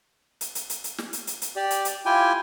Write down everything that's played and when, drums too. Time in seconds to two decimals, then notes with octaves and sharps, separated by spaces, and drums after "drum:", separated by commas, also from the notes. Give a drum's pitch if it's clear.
0.41 drum: hi-hat
0.55 drum: hi-hat
0.70 drum: hi-hat
0.84 drum: hi-hat
0.98 drum: snare
1.13 drum: hi-hat
1.27 drum: hi-hat
1.42 drum: hi-hat
1.56 G4 D5
1.70 drum: hi-hat
1.85 drum: hi-hat
2.06 E4 F4 G4 G5 G#5